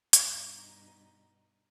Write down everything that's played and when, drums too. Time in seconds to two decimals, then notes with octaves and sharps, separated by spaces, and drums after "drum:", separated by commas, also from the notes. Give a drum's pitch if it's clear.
0.13 G2 B2 D#4, drum: hi-hat